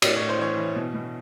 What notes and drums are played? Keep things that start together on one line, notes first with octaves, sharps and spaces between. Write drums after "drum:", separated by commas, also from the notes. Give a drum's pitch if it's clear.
A2 D5, drum: cymbal
A2 C#5
C5
E3 C#5
E3
B2
B2